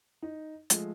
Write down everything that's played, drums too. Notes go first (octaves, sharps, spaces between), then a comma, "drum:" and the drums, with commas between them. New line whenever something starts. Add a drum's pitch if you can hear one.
D#4
F3 G#3 A3, drum: hi-hat